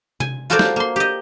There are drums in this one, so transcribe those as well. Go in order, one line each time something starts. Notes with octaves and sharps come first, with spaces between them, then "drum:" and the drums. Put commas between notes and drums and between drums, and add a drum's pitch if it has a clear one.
G#5, drum: tom C3
F4 F#4 A4 A#4 C5 D5
drum: snare
A#3 C6
G4 D#5